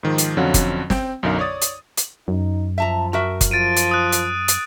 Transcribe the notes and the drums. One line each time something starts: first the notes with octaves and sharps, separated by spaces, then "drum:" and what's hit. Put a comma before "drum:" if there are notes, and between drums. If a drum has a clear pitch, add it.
G#2 D#3 F3
drum: hi-hat
F2 D3 F#3 C#4 F4 F#4
drum: kick F#1, hi-hat
C4 G5, drum: snare
B1 F#2 D3 D#4 A#4 F5
C#5 D5 D#6 A6
drum: hi-hat
drum: hi-hat
F#2 D#4
F3 E5 A5 A#5
F#4 A#4 E5
drum: kick F#1, hi-hat
F3 A6 D7 D#7
drum: hi-hat
D#6 F#6
drum: hi-hat
drum: hi-hat